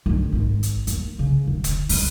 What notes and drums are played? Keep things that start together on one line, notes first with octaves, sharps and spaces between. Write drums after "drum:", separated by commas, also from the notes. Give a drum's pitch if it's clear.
G1 D#3
G#1 G#3
drum: hi-hat
D#2, drum: hi-hat
C#3
D2
drum: kick, hi-hat
C#2 G3, drum: open hi-hat